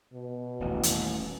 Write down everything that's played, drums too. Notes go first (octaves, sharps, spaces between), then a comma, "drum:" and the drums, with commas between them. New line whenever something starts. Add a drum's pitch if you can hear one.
B2
D#1 A1
drum: hi-hat